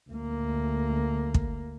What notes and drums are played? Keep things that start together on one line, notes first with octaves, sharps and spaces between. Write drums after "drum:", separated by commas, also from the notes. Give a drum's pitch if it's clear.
D2 A#3
drum: kick